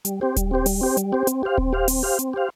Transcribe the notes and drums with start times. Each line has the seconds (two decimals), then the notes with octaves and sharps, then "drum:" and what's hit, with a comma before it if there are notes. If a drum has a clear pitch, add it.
0.05 G3, drum: hi-hat
0.21 C4 G4 C5
0.36 G3, drum: kick D#1, hi-hat
0.51 C4 G4 C5
0.66 G3, drum: open hi-hat
0.81 C4 G4 C5
0.97 G3, drum: hi-hat
1.13 C4 G4 C5
1.27 C4, drum: hi-hat
1.43 G4 C5 F5
1.58 C4, drum: kick D#1
1.73 G4 C5 F5
1.88 C4, drum: open hi-hat
2.03 G4 C5 F5
2.19 C4, drum: hi-hat
2.33 G4 C5 F5